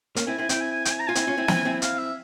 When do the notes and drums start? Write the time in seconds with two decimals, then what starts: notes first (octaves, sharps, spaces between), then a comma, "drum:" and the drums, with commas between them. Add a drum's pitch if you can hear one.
0.16 A#3 C#4, drum: hi-hat
0.27 C4 E4 G#5
0.38 C4 E4 G#5
0.49 C4 E4 G5, drum: hi-hat
0.61 G#5
0.72 G#5
0.85 G5, drum: hi-hat
0.90 G#5
1.00 A#5
1.08 F4 G#5
1.15 C4 E4, drum: hi-hat
1.27 C#4 F4
1.37 C4 E4
1.48 C4 E4, drum: snare
1.65 C4 E4
1.82 F5, drum: hi-hat
1.99 E5